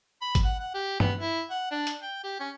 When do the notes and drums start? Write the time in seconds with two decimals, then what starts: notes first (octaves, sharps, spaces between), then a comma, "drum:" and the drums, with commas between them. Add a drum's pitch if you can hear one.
0.22 B5
0.35 drum: kick G#1, hi-hat
0.45 F#5
0.60 F#5
0.74 G4
1.00 B3, drum: tom G2
1.19 E4
1.51 F#5
1.71 D4
1.87 drum: hi-hat
2.03 G5
2.24 G4
2.40 C#4